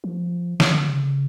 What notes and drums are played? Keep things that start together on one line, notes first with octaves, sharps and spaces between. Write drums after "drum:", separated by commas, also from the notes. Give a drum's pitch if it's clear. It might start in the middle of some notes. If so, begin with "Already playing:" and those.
F3
F3, drum: snare
D3
C#3